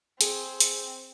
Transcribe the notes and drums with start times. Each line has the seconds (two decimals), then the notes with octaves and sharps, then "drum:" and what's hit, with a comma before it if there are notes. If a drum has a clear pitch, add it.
0.21 C4 G#4, drum: hi-hat
0.60 drum: hi-hat